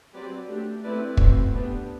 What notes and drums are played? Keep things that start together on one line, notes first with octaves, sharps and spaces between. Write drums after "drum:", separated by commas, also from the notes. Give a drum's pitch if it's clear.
F#3 C4 G4 B4 D5
A3 D4 G4
A3 C4 E4 B4 D5
A3 C4 F#4, drum: kick
B3 D4 G4